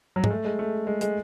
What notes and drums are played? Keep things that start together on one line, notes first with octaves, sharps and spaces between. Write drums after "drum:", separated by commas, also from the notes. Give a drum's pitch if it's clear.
F#3
G#3, drum: tom
A3
G#3
A3
G#3
G#3, drum: hi-hat